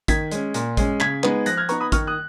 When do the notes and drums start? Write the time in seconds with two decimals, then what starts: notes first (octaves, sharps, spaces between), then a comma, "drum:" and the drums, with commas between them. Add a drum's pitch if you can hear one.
0.08 D#3 G#6 B6, drum: kick A1, hi-hat
0.32 G#3 C#4, drum: hi-hat
0.54 A#2, drum: hi-hat
0.77 G#3 C#4, drum: kick A1, hi-hat
1.00 C#3 G#6 B6, drum: clap
1.23 G#3 B3 D#4, drum: clap
1.46 F3 F#6 A#6, drum: hi-hat
1.57 F6 G#6
1.69 B3 D#4 A#5 C#6, drum: hi-hat
1.81 B5 D#6
1.92 D#3 C#6 F6, drum: kick A1, hi-hat
2.07 D#6 F#6